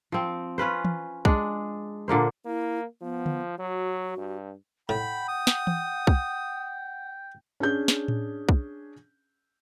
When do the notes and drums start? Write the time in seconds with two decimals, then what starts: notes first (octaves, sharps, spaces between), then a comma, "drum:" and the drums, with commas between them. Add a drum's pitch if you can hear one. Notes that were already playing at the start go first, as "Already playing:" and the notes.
0.12 F3 C4
0.58 C#4 F4 B4 C5
0.85 drum: tom E3
1.25 G#3 D4, drum: kick
2.08 A#2 D3 A#3 C5
2.45 A#3 E4
3.02 F3 B3
3.26 drum: tom D3
3.59 F#3 F#4
4.18 G2
4.89 A2 F#5 G5 B5
5.28 D#6
5.47 drum: snare
5.67 drum: tom E3
6.07 drum: kick
7.60 C#4 D4 G#4 G6
7.88 drum: snare
8.08 drum: tom A2
8.49 drum: kick